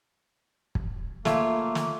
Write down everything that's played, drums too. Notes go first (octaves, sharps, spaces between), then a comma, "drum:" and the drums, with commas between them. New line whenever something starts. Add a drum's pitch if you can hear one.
drum: kick
A3 A#3 F4 C#5, drum: snare
drum: snare